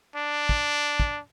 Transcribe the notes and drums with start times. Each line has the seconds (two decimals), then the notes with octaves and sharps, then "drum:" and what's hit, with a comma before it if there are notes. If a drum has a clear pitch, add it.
0.16 D4
0.49 drum: kick
1.00 drum: kick